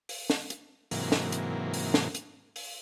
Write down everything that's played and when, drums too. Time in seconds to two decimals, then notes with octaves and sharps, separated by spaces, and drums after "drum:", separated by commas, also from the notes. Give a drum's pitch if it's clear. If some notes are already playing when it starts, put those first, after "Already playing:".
0.09 drum: open hi-hat
0.30 drum: snare
0.50 drum: hi-hat
0.91 G#2 C3 E3 F#3 A#3, drum: open hi-hat
1.12 drum: snare
1.32 drum: hi-hat
1.74 drum: open hi-hat
1.94 drum: snare
2.15 drum: hi-hat
2.56 drum: open hi-hat